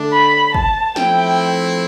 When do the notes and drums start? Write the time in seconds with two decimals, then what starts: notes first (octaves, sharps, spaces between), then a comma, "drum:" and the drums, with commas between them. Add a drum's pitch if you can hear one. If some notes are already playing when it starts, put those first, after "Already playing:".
Already playing: D3 A3 D4
0.13 B5
0.54 A5, drum: kick
0.96 F3 A3 C4 E4 G5, drum: snare